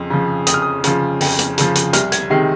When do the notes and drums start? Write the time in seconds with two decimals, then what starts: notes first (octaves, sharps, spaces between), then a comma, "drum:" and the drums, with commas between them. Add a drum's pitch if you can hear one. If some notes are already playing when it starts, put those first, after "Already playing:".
Already playing: F2 C#3 F3
0.10 C#3 F3
0.47 F2 D#6, drum: hi-hat
0.54 F6
0.62 D#6
0.84 C#3 F3, drum: hi-hat
1.21 F2, drum: open hi-hat
1.39 drum: hi-hat
1.58 C#3 F3, drum: hi-hat
1.75 drum: hi-hat
1.93 C2 F6, drum: hi-hat
2.12 G#6, drum: hi-hat
2.30 C3 D#3 G#3 C7